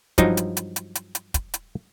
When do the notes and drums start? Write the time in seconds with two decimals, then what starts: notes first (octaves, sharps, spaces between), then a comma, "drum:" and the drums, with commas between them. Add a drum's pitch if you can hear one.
0.18 G2 F3 F#3 D#4, drum: kick, hi-hat
0.37 drum: hi-hat
0.57 drum: hi-hat
0.76 drum: hi-hat
0.95 drum: hi-hat
1.15 drum: hi-hat
1.34 drum: kick, hi-hat
1.54 drum: hi-hat